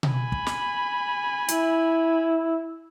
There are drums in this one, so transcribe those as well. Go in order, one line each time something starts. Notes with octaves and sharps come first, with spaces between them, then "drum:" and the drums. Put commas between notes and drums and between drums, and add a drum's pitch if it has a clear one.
drum: tom B2
G#5 B5
drum: kick
drum: snare
E4, drum: hi-hat